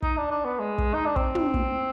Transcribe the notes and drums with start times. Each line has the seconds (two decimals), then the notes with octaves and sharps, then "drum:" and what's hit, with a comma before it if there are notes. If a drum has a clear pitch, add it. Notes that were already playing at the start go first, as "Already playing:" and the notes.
0.02 D#4, drum: kick
0.17 D4
0.31 D4
0.45 B3
0.59 G#3
0.78 drum: kick
0.94 D#4
1.06 D4
1.16 C4, drum: kick
1.35 drum: tom
1.54 drum: kick